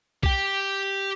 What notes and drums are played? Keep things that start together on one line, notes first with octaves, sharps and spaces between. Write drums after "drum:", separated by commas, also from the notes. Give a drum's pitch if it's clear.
G4 G5, drum: kick B1